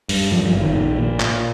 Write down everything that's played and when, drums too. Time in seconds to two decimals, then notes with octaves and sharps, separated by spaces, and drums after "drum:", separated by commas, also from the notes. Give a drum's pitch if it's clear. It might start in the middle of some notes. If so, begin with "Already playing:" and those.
0.09 G2, drum: open hi-hat
0.31 G2 F3
0.46 F3
0.53 G1
0.61 D#3
0.76 A#1
0.99 A#2
1.20 A#2, drum: clap